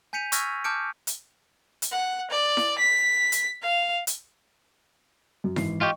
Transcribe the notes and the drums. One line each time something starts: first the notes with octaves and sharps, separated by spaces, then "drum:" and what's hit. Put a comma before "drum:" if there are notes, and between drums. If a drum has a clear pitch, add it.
G#5 G6 B6 C#7 D#7 F7
C#6 E6 F6 G#6 A#6 B6, drum: hi-hat
A5 D6 F6 G6 C#7 D7
drum: hi-hat
drum: hi-hat
F#5
D5
drum: snare E4
B6
drum: hi-hat
F5
drum: hi-hat
F#2
G#1 E3 C7, drum: snare E4
F4 G4 D#5 G5 C#6